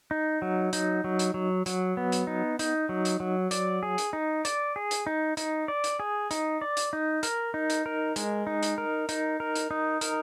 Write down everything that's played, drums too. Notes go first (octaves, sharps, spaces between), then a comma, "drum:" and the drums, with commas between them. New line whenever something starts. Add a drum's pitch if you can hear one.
D#4
F#3
D#4, drum: hi-hat
F#3
drum: hi-hat
F#3
F#3, drum: hi-hat
B3
drum: hi-hat
D#4
D#4, drum: hi-hat
F#3
drum: hi-hat
F#3
D5, drum: hi-hat
G#4
drum: hi-hat
D#4
D5, drum: hi-hat
G#4
drum: hi-hat
D#4
D#4, drum: hi-hat
D5
drum: hi-hat
G#4
D#4, drum: hi-hat
D5
drum: hi-hat
D#4
A#4, drum: hi-hat
D#4
drum: hi-hat
A#4
G#3, drum: hi-hat
D#4
drum: hi-hat
A#4
D#4, drum: hi-hat
A#4
drum: hi-hat
D#4
A#4, drum: hi-hat